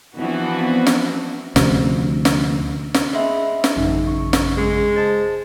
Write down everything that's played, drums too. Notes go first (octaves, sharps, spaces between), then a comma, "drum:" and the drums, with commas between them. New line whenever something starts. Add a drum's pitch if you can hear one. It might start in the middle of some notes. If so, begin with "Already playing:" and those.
E3 F3 B3 C4 D4 F#4
drum: snare
D2 C3 F3, drum: snare
drum: snare
drum: snare
G#4 D#5 E5 F#5 B5 C6
drum: snare
A1 F#2 C#3 D#4
C#6
drum: snare
G#3
C5 D#5 A5 A6